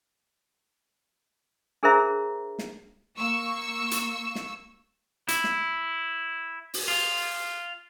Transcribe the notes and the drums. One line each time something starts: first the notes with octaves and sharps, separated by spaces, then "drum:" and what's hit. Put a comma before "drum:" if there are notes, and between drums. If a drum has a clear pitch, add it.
D4 G#4 A#4 C5 E5 A#5
drum: snare
A#3 C#6 E6
drum: hi-hat
drum: snare
E4, drum: hi-hat
drum: snare
drum: open hi-hat
F4